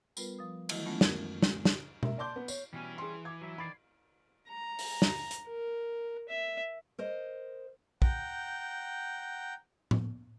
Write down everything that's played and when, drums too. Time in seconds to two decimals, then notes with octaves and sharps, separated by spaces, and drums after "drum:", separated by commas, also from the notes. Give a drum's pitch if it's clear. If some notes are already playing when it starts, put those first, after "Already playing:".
0.17 G3 B3 F4 A#4 B4, drum: tambourine
0.39 F3 D#6
0.69 D#3 E3 F#3 A3 E4 D#5, drum: cymbal
0.85 F#3 G#3 A3 B3 C#4 F4
1.01 F#2 A#4 G#6, drum: snare
1.42 G#3, drum: snare
1.65 drum: snare
2.03 A#3 E5, drum: tom B2
2.18 D5 A5 C6 D6 G6
2.36 B3
2.48 C#5, drum: tambourine
2.73 B2 E3 G3 C#4 G#5
2.98 G#4 C6
3.25 D6 G#6
3.42 F#3 E4
3.58 D#3 D5 B5 C7
4.49 A#5
4.79 drum: open hi-hat
5.02 drum: snare
5.31 drum: hi-hat
5.49 A#4
6.29 E5
6.99 A#4 C5 D#5
8.02 F#5 G5 A#5 G6, drum: kick
9.91 drum: tom A2